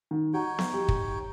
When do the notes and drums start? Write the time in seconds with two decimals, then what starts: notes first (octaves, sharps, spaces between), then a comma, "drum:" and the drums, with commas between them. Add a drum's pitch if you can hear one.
0.11 D#3
0.34 D#4 F#4 C#5 G5
0.59 drum: snare B3
0.74 G4
0.88 drum: kick